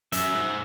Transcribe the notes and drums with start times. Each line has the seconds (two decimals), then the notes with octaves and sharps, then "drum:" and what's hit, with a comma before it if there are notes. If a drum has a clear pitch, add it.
0.12 F#2 E5, drum: hi-hat
0.34 G#2